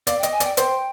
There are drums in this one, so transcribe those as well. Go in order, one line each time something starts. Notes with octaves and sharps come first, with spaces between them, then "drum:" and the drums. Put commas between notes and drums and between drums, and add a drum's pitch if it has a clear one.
D5 F5, drum: hi-hat
G5
D#5, drum: hi-hat
G#5
D5 G5, drum: hi-hat
C5 G5, drum: hi-hat